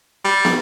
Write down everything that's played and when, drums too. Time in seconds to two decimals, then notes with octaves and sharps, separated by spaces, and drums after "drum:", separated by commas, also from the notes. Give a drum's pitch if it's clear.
0.25 G3
0.45 drum: snare